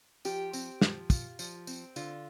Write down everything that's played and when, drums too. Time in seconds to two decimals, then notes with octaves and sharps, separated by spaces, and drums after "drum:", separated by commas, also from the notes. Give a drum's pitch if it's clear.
0.25 F3 G4, drum: tambourine
0.53 C4, drum: tambourine
0.82 F3, drum: snare
1.10 F4, drum: kick, tambourine
1.39 F3, drum: tambourine
1.67 C4, drum: tambourine
1.96 D3 F4, drum: tambourine